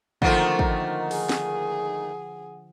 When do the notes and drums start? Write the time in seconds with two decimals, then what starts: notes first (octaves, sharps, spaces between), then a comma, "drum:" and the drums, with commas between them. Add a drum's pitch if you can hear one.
0.22 D3 D#3 F3 A3 A#3 C5 F#5, drum: kick
0.59 drum: kick
1.11 G#4, drum: open hi-hat
1.29 drum: snare